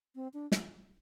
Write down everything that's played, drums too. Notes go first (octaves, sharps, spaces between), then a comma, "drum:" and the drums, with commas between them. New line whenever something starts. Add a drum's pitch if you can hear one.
C4
D4
drum: snare